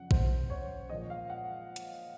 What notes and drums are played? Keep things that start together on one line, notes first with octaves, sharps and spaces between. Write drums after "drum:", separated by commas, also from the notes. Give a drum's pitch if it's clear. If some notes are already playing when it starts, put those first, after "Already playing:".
Already playing: F#2 C#3 F3 F#5
C5, drum: kick A#1
C#5
A#2 F3 G#3 D#5
F5
F#5
drum: hi-hat